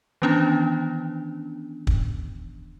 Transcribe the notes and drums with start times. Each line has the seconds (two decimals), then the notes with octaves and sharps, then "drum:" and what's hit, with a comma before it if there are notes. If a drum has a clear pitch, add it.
0.22 D#3 E3 B3 C#4 D4
1.87 drum: kick